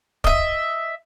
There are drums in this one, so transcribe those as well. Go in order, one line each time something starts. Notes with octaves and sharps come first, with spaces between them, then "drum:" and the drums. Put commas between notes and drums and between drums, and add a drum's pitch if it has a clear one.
D#5 E5, drum: kick